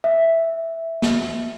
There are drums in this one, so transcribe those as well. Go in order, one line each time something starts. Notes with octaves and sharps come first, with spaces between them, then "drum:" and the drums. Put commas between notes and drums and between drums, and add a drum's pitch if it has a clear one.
E5
drum: snare